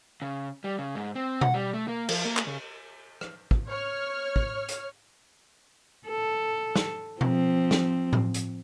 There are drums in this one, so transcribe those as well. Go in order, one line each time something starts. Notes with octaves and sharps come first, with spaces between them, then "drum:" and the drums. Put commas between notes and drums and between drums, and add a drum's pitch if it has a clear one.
C#3
G3
C#3
G#2
C4
F#5, drum: tom B2
G3
A3
A#3
F3, drum: cymbal
A#3
drum: clap
C#3
drum: rim click
drum: kick
C#5 F6
drum: kick
drum: hi-hat
A4
drum: snare
F3 C4, drum: tom B2
drum: snare
drum: tom A2
drum: hi-hat